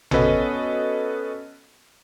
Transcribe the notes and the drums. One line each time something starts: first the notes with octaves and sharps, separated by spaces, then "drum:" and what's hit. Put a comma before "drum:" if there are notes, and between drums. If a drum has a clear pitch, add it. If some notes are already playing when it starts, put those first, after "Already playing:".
B3 C#4 F#4 A4 B4 D#5, drum: tom A1